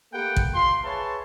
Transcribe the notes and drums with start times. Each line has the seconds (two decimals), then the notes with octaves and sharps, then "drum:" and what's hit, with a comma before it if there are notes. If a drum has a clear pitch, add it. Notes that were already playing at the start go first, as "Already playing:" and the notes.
0.12 A3 A#3 G4 B4 F#5 G5
0.36 drum: kick
0.54 F4 C6
0.84 G#4 B4 C#5 E5 A5